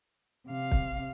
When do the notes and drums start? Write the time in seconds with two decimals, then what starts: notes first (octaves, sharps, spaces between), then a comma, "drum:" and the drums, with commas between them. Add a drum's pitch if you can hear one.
0.47 C3 F5
0.71 drum: kick